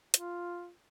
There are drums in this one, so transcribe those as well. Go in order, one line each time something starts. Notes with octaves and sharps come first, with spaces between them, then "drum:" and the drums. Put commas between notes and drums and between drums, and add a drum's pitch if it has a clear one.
F4, drum: hi-hat